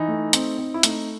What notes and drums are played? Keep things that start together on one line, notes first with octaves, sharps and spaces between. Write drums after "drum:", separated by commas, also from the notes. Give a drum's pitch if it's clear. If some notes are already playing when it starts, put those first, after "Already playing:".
Already playing: E3 D#4
A3
C4, drum: hi-hat
C4
E4
A3 D#4, drum: hi-hat